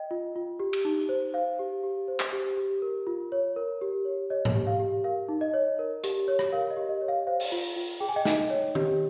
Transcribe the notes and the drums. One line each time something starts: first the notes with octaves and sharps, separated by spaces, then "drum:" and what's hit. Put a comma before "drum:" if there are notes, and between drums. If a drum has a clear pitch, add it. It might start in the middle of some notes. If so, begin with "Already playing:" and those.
Already playing: D#5 G5
F4
F4
G4
drum: cymbal
D#4
C5
C5 F5
G4
G4
C5
drum: clap
G4
G4
A#4
F4
C#5
A#4
G4
C#5
C#5 D#5
drum: tom G#2
G4
F5
G4
A#4 F5
D#4
D#5
C#5
A#4
G4, drum: hi-hat
C#5
drum: rim click
A#4 F5
D#5
G4
D#5
C#5
F5
C5 F5
drum: open hi-hat
F4
F4
G#4 G5
G#5
D#5 G5
D#4, drum: snare
C#5
G4, drum: tom D#3